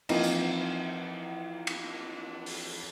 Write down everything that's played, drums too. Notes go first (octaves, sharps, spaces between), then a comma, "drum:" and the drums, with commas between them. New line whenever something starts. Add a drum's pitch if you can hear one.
E3 F3 A#3 C4 D#4, drum: cymbal
drum: tambourine
drum: cymbal
drum: open hi-hat